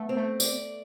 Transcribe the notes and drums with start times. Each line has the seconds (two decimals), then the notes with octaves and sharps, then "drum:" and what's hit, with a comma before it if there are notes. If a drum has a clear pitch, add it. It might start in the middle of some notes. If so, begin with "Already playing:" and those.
Already playing: A3 B3
0.09 C4
0.17 A3
0.40 D5, drum: tambourine